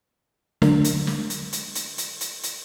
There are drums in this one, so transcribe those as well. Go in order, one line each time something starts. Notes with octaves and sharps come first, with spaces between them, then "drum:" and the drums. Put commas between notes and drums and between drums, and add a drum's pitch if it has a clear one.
D3 F#3 A3 D4 A#4, drum: snare
drum: hi-hat
drum: snare
drum: hi-hat
drum: hi-hat
drum: hi-hat
drum: hi-hat
drum: hi-hat
drum: hi-hat